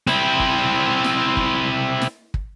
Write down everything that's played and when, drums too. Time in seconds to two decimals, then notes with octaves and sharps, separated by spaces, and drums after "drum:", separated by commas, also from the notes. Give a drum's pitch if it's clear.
0.07 C4 E4, drum: snare
0.40 drum: kick
1.04 drum: snare
1.37 drum: kick
2.02 drum: snare
2.34 drum: kick